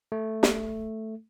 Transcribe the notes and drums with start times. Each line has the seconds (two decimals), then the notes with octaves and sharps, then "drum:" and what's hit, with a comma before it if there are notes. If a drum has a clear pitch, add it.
0.12 A3
0.43 drum: snare